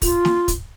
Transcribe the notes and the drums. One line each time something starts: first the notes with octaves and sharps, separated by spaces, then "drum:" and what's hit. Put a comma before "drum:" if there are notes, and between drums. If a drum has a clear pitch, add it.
F4, drum: kick, open hi-hat
drum: snare
drum: kick, hi-hat